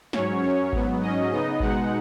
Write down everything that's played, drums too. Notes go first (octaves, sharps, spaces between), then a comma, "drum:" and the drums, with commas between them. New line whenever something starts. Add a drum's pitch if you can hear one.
G#2 F#3 C#4 C#5, drum: snare
F#2 F#3 C#4
G#2 F#3 B3, drum: kick G#1
G#2 F#3 C#4 D#5
C#3 B3 D#4 D#5
B2 G#3 D#4 F#5, drum: kick G#1